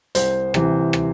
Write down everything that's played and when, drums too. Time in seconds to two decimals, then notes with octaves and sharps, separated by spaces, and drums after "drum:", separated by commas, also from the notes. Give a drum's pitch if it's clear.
0.15 C2 C5, drum: hi-hat
0.54 C3 E3, drum: rim click
0.93 drum: rim click